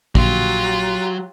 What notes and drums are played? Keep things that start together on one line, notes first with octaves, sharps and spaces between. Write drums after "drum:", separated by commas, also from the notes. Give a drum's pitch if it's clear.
A#1 F#3 F4 G4, drum: kick